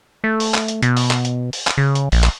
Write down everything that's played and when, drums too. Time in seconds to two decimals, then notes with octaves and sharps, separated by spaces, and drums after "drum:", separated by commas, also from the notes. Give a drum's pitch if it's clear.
0.24 A3
0.40 drum: open hi-hat
0.54 drum: clap
0.68 drum: hi-hat
0.82 B2, drum: hi-hat
0.97 drum: open hi-hat
1.11 drum: clap
1.25 drum: hi-hat
1.53 drum: open hi-hat
1.67 drum: clap
1.77 C#3
1.95 drum: hi-hat
2.12 A#1, drum: open hi-hat
2.24 drum: clap